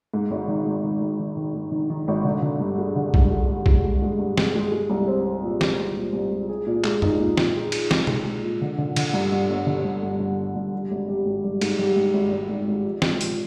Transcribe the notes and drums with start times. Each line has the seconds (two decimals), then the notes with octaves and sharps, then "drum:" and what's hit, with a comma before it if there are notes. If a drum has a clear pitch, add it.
0.14 G#2
0.31 G#1
0.48 D#3
0.67 G#2
0.84 D#3
1.01 G#2
1.19 D#3
1.37 D#3
1.55 G#2
1.72 D#3
1.90 D#3
2.08 G#1
2.25 D3
2.42 D3
2.60 G2
2.78 G#3
2.96 D3
3.14 G2, drum: kick
3.31 G#3
3.49 G#3
3.66 G#3, drum: kick
3.84 G#3
4.02 G#3
4.19 G2
4.37 G#3, drum: snare
4.55 G#3
4.72 G#3
4.90 C2
5.08 C4
5.25 C4
5.43 A#2
5.61 G#3, drum: snare
5.79 C2
5.96 A#2
6.13 C2
6.31 G#3
6.49 G#4
6.67 A#2
6.84 G#3, drum: clap
7.02 D#4, drum: tom
7.19 A#2
7.37 A#2, drum: snare
7.55 G#4
7.72 G#4, drum: cymbal
7.91 G#3, drum: snare
8.07 G#3, drum: tom
8.25 G#3
8.43 A#2
8.61 D3
8.78 D3
8.96 D3, drum: cymbal
9.14 G2
9.32 G2
9.50 G1
9.67 D3
9.84 G2
10.03 G2
10.20 G2
10.38 G1
10.55 G2
10.73 G3
10.91 G#1
11.09 G3
11.25 G#1
11.44 G3
11.61 G#2, drum: cymbal
11.79 G3
11.96 G#2
12.14 G#1
12.32 G#1
12.49 G#2
12.67 G#1
12.84 F3
13.02 A#2, drum: snare
13.21 F3, drum: hi-hat